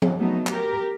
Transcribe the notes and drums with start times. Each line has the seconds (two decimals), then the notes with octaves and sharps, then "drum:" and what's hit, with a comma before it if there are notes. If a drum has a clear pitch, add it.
0.02 drum: tom F3
0.17 F#3 A3 B3 D#4
0.47 G4 A#4, drum: clap